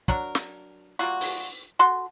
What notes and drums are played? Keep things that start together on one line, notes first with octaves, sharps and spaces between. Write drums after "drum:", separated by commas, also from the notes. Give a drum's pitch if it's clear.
F#3 D4 A#4, drum: kick
drum: snare
G3 A#3 F4 F#4, drum: hi-hat
drum: open hi-hat
F#4 A4 C6